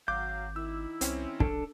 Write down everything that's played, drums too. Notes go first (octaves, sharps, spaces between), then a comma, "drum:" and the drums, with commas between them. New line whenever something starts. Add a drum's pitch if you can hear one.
G#1 F#3 F5 D6 G6
D#3 E4 E6
C2 C4 C#4, drum: hi-hat
A#1 D4 A4, drum: kick